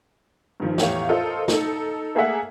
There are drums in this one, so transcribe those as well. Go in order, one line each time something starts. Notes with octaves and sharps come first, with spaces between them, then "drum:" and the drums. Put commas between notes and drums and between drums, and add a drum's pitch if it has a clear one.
G2 D#3 F3
E2 A2 G4 C#5 F5 F7, drum: snare
F4 A4 A#4 C5 D#5
D#4 A4, drum: snare
A3 A#3 G#4 A4 E5 F#5